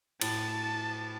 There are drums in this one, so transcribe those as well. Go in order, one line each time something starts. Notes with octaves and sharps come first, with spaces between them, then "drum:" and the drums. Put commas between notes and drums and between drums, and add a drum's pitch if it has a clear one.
A2 A5, drum: cymbal